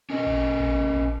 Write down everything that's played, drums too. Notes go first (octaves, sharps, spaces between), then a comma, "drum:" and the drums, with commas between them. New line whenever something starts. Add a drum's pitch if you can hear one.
C#4 A#4 D#5
drum: kick A1
drum: kick A1
drum: tom A#2
drum: kick A1